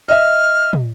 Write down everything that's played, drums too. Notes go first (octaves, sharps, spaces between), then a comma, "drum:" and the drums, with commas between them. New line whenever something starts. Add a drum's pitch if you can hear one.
D#5 E5 F6
drum: tom